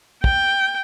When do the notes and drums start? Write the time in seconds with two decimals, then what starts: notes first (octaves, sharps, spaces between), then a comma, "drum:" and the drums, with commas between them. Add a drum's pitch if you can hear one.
0.24 G5, drum: kick